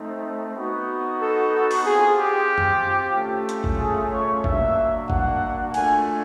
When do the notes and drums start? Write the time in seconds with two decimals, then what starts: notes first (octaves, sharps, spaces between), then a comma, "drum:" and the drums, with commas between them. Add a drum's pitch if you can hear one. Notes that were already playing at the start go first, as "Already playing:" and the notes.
Already playing: A3 C4 D#4
0.55 B3 D#4 F#4
1.20 A4
1.71 drum: open hi-hat
1.84 C4 F4 G#4
2.18 G4
2.58 drum: tom F#2
3.15 A3 C#4 F4
3.49 drum: hi-hat
3.64 drum: kick G#1
3.79 G#4
4.12 C#5
4.44 A#3 D4 F#4 E5, drum: kick G#1
5.10 F#5, drum: kick G#1
5.74 A3 D4 F4 G#5, drum: cymbal